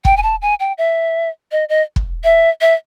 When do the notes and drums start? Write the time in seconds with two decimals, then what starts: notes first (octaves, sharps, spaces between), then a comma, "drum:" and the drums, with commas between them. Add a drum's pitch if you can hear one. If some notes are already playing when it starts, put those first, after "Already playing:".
0.05 G5, drum: kick
0.17 G#5
0.23 A5
0.42 G#5
0.60 G5
0.78 E5
1.52 D#5
1.69 D#5
1.96 drum: kick
2.24 E5
2.61 E5